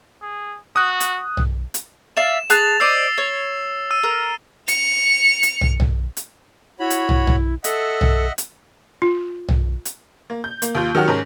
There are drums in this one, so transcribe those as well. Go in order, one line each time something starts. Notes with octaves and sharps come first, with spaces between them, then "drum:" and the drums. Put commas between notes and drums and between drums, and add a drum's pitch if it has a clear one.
G#4
F#4 D#6 F#6
drum: hi-hat
drum: tom
drum: hi-hat
D5 E5 F5 E7
G#4 A5 F#6 A6 F7, drum: hi-hat
C5 D5 D#5 E6 C7
C#5
E6 D#7
A#4
C#7 F7, drum: hi-hat
drum: hi-hat
drum: tom
drum: tom
drum: hi-hat
E4 F#4 C#5 B5
drum: hi-hat
drum: tom
drum: tom
A4 D#5 E5 F#5, drum: hi-hat
drum: tom
drum: hi-hat
F4
drum: tom
drum: hi-hat
A#3
G6
A#3, drum: hi-hat
D#2 F4 G6
D#3 F#3 G4 F#5 F6
G#2 C#4 A#4